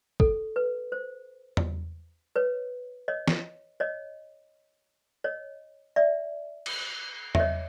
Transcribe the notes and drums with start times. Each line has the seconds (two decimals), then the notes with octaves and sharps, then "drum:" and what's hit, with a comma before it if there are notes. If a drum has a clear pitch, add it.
0.20 A4, drum: kick
0.56 B4
0.92 C5
1.57 drum: tom E2
2.36 B4 C#5
3.08 C#5 D#5
3.28 drum: snare
3.80 C#5 D#5
5.24 C#5 D#5
5.96 D5 E5
6.66 drum: cymbal
7.35 E5, drum: tom E2
7.40 C#5 D#5